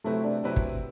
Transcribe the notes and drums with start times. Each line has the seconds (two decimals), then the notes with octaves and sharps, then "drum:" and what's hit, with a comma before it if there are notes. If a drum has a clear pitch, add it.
0.04 C3 F#3 A3 C4 E4 B4
0.24 D4
0.43 C3 F#3 C4 E4 B4
0.56 drum: kick